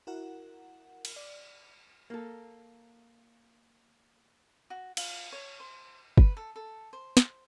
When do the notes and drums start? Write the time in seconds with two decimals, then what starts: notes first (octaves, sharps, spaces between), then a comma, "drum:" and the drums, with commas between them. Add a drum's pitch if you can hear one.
0.07 E4 F#4 A#4 F#5
1.05 drum: cymbal
1.16 D5
2.10 A#3 A4
4.70 F#4
4.97 F4, drum: cymbal
5.32 C#5
5.60 C5
6.17 B4, drum: kick
6.37 A4
6.56 A4
6.93 C5
7.17 drum: snare